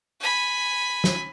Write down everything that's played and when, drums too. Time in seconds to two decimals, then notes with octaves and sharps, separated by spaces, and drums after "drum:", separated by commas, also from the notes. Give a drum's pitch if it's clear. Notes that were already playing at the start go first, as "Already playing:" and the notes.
0.21 G#5 B5
1.04 drum: snare